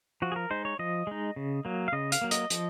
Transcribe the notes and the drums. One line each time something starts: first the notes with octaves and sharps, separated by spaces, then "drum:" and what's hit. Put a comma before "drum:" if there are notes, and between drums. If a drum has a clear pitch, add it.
F3 F#4
G#4
A#4
G#3 D#4 C5
C#5
F3 D#5
G#3 D#4
C#3
F#3 A#3
F5
C#3 D#5
F5, drum: hi-hat
F#3 A#3
D#5, drum: hi-hat
F3, drum: hi-hat